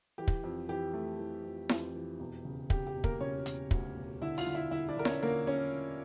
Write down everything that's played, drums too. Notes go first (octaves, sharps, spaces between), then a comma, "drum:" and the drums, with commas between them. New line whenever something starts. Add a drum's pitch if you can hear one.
E3 G4
drum: kick
F2
E3 G4
A3
E3
F2
F2, drum: snare E4
E3
E1
C#3
C#3 G4, drum: kick
G4
E1
A#3 A#4, drum: kick
C#3 C#4 C#5
E1, drum: hi-hat
D2, drum: kick
E1
D3 E4 E5
F4 F5, drum: open hi-hat
D3
E4 E5
D3 E4 E5
D4 D5
D3 A#4
C#4 C#5, drum: snare E4
D3 A#3 A#4
C#4 C#5